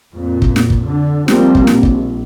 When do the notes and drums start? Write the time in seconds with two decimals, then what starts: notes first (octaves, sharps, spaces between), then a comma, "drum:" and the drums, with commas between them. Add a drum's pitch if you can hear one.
0.14 F2 A#2
0.42 drum: kick
0.56 drum: snare
0.70 drum: kick
0.84 D3
1.28 F3 G3 A#3 C4, drum: snare
1.55 drum: kick
1.67 A#1, drum: snare
1.83 drum: kick